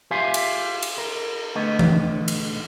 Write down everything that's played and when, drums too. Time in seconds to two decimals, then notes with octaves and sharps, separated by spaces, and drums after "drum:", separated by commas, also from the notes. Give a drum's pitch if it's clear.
0.11 F4 G4 E5 F5 G#5
0.34 drum: cymbal
0.82 drum: cymbal
0.98 A#4
1.55 D3 A3 B3 D#5
1.79 drum: tom E3
2.28 drum: cymbal